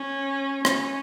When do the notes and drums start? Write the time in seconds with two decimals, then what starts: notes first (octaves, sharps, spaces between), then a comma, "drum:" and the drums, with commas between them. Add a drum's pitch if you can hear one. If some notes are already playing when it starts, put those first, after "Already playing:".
Already playing: C#4
0.65 C#4, drum: rim click